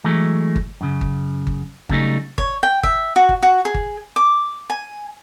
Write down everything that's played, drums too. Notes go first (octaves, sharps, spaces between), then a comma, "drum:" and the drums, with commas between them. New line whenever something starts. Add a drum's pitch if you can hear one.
E3 F#3 G#3 A3
drum: kick G1
F#2 C#3
drum: kick G1
drum: kick G1
C#3 F#3 G3 A3 D#4, drum: kick G1
C#5, drum: kick G1
G5
E5, drum: kick G1
F#4
drum: kick G1
F#4
G#4
drum: kick G1
D6
G#5